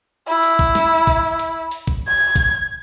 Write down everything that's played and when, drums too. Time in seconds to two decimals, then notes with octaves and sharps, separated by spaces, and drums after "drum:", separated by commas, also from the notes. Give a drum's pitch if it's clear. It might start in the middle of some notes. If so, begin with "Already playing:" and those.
0.27 E4
0.43 drum: open hi-hat
0.59 drum: kick A1
0.75 drum: snare
1.07 drum: kick A1, hi-hat
1.39 drum: hi-hat
1.71 drum: open hi-hat
1.87 drum: kick A1
2.07 G#6
2.36 drum: kick A1, hi-hat